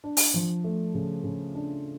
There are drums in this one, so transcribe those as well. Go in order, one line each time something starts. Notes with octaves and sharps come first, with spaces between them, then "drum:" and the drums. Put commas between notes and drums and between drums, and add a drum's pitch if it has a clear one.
D4
drum: open hi-hat
F3
A3
C#3
C#3
D4